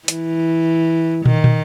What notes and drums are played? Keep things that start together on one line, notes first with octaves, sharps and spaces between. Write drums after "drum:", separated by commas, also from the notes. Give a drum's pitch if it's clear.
E3, drum: hi-hat
D#3, drum: tom
drum: tom